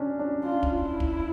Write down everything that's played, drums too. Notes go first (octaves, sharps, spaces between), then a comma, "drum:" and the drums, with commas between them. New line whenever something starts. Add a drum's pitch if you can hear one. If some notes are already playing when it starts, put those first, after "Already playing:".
Already playing: C#4 D4
D4
F4
drum: kick
E4
drum: kick